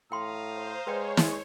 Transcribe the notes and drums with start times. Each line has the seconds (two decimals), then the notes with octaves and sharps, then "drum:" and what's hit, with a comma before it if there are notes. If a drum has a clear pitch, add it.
0.12 A2 F5 G5 A#5 C6 D#6
0.49 C5
0.87 G#3 B4 C#5 D5 G5
1.17 drum: snare